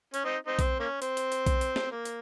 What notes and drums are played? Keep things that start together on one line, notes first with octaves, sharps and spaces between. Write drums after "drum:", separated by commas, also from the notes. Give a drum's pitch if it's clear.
C#4, drum: hi-hat
C4 D#4
C4 D#4
C4, drum: kick B1, hi-hat
A#3 C#4
C4, drum: hi-hat
drum: hi-hat
drum: hi-hat
drum: kick B1, hi-hat
drum: hi-hat
drum: snare
A#3
drum: hi-hat